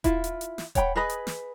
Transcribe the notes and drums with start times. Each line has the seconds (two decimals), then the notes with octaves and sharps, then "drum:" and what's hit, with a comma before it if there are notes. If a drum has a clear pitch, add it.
0.04 E4 F4, drum: kick D#1, hi-hat
0.24 drum: hi-hat
0.41 drum: hi-hat
0.58 drum: snare
0.75 C#5 F#5 G5 B5, drum: kick D#1, hi-hat
0.95 G#4 B4 D#5 B5
1.10 drum: hi-hat
1.27 drum: snare